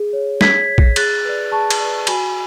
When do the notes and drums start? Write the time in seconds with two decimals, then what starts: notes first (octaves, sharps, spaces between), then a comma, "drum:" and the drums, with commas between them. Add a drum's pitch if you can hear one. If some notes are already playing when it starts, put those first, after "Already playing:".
Already playing: G#4
0.13 C#5
0.41 G#4 G#6 B6, drum: snare
0.68 C#5
0.78 drum: kick A#1
0.96 G#4 F#6 A6, drum: cymbal
1.25 B4 D5
1.51 G#4 A5 C#6
1.70 drum: cymbal
1.80 B4 D5
2.07 F#4 G#5 B5, drum: cymbal